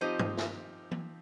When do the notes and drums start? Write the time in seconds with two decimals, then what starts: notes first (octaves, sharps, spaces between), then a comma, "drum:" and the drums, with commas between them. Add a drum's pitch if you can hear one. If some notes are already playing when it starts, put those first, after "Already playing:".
0.01 F3 C4 D#4 G4 C5 D#5
0.19 drum: tom G2
0.37 drum: snare
0.91 drum: tom E3